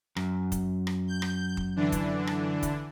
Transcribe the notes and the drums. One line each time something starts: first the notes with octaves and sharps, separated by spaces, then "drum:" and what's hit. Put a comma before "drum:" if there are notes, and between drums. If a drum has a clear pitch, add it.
F#2, drum: rim click
drum: kick, hi-hat
drum: rim click
G6
drum: rim click
drum: kick
D3 E3 D4
drum: kick, hi-hat
drum: rim click
drum: kick, hi-hat